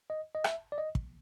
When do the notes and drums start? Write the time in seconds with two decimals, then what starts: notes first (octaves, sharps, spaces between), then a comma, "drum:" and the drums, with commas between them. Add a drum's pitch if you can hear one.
0.10 D#5
0.35 D#5
0.44 E5, drum: rim click
0.72 D5
0.78 D#5
0.95 drum: kick